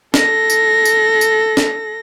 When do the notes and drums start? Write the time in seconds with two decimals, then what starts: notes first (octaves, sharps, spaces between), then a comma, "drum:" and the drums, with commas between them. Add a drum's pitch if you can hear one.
0.14 A4 A#6, drum: snare
0.50 drum: tambourine
0.85 drum: tambourine
1.21 drum: tambourine
1.57 drum: snare